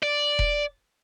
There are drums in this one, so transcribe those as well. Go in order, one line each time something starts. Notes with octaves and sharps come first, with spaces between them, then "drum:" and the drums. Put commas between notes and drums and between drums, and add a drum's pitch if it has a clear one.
D5
drum: kick E1